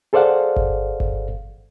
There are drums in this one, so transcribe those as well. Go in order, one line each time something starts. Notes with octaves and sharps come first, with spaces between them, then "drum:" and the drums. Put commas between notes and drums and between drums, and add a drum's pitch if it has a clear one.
G#4 A4 C5 D5 F5 F#5
drum: kick G1
drum: kick G1